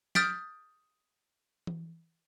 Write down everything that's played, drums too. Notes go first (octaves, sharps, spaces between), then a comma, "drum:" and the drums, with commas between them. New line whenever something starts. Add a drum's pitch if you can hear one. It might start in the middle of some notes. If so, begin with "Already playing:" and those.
D#6 F6 G6 A6 B6 D7, drum: snare
drum: tom E3